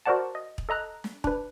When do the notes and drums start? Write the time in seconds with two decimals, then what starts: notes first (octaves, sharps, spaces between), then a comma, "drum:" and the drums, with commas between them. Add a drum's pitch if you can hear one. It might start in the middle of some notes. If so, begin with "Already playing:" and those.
0.06 F#4 A#4 C5 D5 F#5 A5
0.35 D#5
0.58 drum: kick
0.69 A4 D#5 A#5 F#6
1.04 drum: snare
1.24 D4 B4, drum: kick